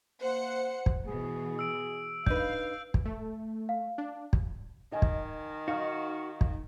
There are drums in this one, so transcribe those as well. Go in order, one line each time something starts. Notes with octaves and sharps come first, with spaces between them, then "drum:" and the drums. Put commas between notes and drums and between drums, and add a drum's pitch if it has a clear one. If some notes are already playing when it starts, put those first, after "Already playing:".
A#3 C5 F#5 C#7
drum: kick
B2 E3 G#4
E6 D7
D4 D#4 B4 F5 G6, drum: kick
drum: kick
A3
F5
D4
drum: kick
D#3 D#5 G#5
drum: kick
D#4 F#4 D#5 F5
drum: kick